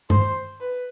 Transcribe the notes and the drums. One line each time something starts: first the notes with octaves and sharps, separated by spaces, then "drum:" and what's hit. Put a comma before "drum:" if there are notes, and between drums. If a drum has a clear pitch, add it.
C5, drum: tom G2
B4